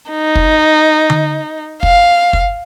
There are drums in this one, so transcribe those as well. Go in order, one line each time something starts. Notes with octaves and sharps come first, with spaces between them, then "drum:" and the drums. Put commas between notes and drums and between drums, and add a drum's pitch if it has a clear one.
D#4
drum: kick
drum: tom D3
F5, drum: kick
drum: kick